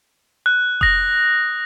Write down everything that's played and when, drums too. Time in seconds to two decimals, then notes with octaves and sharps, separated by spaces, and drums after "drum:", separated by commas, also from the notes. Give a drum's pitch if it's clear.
0.46 F#6
0.81 D#6 A#6, drum: kick F1